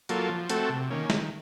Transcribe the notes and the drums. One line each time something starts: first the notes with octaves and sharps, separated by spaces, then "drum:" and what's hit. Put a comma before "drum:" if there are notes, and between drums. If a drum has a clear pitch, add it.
F#3 A#3 F4 A4, drum: hi-hat
F3
A3 C4 F#4 A4, drum: hi-hat
C3
D#3 A#3 C#4
D#3, drum: snare